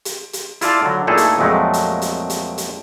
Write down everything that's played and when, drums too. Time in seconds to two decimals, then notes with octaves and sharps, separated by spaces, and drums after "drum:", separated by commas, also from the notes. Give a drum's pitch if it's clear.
0.05 drum: hi-hat
0.33 drum: hi-hat
0.61 E4 F4 D5 A5, drum: hi-hat
0.82 D3 F#3
1.07 A#2 A3 D#4 E4 G#4 A4
1.17 drum: hi-hat
1.38 F2 A#2 F#3 G#3 A3
1.74 drum: hi-hat
2.02 drum: hi-hat
2.30 drum: hi-hat
2.58 drum: hi-hat